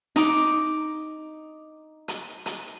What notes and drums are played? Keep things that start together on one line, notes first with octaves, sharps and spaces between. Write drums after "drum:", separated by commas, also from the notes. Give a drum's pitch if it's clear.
D#4 D6, drum: hi-hat
drum: hi-hat
drum: hi-hat